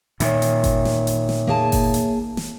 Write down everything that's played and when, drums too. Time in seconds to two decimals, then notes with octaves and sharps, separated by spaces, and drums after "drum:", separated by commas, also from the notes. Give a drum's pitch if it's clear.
0.20 A#2 D#3 C#5 E5, drum: hi-hat
0.42 drum: hi-hat
0.64 drum: kick G1, hi-hat
0.85 drum: snare
1.07 drum: hi-hat
1.29 drum: snare
1.47 A#3 G#4 A5
1.72 drum: kick G1, open hi-hat
1.94 drum: hi-hat
2.37 drum: snare